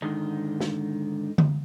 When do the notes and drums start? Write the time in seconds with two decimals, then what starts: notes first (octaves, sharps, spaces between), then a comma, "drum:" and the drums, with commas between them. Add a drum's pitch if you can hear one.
0.02 G#2 D3 D#3 D#4
0.60 drum: snare
1.38 drum: tom D3